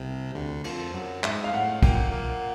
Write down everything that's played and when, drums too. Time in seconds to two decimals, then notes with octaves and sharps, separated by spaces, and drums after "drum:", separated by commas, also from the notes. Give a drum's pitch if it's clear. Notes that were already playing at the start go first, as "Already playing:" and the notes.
Already playing: C2 C3
0.35 D2 D3
0.64 F2 F3, drum: cymbal
0.94 F#2 F#3
1.24 G#2 G#3 E5, drum: clap
1.44 F5
1.53 A2 A3 F#5
1.83 A#2 A#3 G5, drum: kick, cymbal
2.12 A#2 A#3